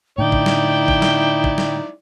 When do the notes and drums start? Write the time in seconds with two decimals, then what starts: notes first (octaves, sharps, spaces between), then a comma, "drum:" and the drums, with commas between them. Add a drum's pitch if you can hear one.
0.18 A2 D3 D#4 E4 D5 G5
0.32 drum: kick
0.46 drum: snare
0.88 drum: kick
1.02 drum: snare
1.44 drum: kick
1.58 drum: snare